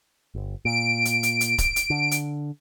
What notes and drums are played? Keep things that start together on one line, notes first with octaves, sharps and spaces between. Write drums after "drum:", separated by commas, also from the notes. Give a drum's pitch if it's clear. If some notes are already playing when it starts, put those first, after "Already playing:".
G1
A#2 D7
drum: hi-hat
drum: hi-hat
drum: hi-hat
drum: kick C#1, hi-hat
drum: hi-hat
D3
drum: hi-hat